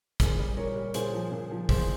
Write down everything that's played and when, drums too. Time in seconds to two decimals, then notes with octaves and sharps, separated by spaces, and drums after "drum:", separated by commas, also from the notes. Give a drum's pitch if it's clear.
0.20 A#2 G#4 C5, drum: kick, hi-hat
0.39 G3
0.57 A#2 A#4 C#5
0.76 G3
0.94 A#2 G#4 C5, drum: hi-hat
1.14 F3
1.32 A#2
1.51 F3
1.69 E2 G#4 C5, drum: kick, open hi-hat